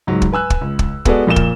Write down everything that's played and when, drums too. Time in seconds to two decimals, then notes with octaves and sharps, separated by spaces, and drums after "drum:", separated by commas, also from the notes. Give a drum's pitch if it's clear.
0.07 C#2 G#2 F#3
0.22 drum: kick
0.32 B4 G#5 E6 F#6
0.50 drum: kick
0.61 C#2
0.79 drum: kick
1.05 G#3 B3 F#4 G#4 A4 D5, drum: kick
1.27 F2 A#2 F4 E7 G7
1.36 drum: kick